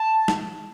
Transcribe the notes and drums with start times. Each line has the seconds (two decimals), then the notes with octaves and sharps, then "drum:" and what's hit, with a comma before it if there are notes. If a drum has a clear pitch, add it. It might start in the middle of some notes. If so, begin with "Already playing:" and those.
Already playing: A5
0.28 drum: snare